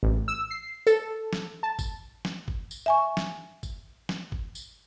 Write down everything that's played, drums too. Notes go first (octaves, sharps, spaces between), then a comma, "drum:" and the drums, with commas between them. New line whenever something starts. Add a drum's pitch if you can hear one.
A1
E6
C7
A4, drum: tambourine
drum: snare
A5
drum: kick G1, tambourine
drum: snare
drum: kick G1
drum: tambourine
E5 G#5 C#6
drum: snare
drum: kick G1, tambourine
drum: snare
drum: kick G1
drum: tambourine